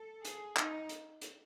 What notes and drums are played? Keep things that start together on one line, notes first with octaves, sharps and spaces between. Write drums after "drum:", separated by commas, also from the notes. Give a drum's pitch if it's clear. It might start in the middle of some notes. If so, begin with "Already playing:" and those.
Already playing: A4
G#4, drum: hi-hat
D#4, drum: clap
drum: hi-hat
drum: hi-hat